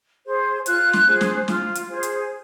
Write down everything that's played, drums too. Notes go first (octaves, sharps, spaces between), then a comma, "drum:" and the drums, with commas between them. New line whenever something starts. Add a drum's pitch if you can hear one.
G#4 C5
F4 F#6, drum: hi-hat
drum: snare
G#4 C5
drum: snare
F4, drum: snare
drum: hi-hat
G#4 C5
drum: hi-hat